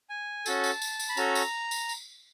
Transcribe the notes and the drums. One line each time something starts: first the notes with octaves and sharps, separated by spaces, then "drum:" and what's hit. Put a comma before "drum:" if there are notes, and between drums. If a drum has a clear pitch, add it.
G#5
C#4 F#4 A4 A5, drum: tambourine
drum: tambourine
drum: tambourine
drum: tambourine
B5
C#4 F#4 A4 A#5, drum: tambourine
drum: tambourine
drum: tambourine
drum: tambourine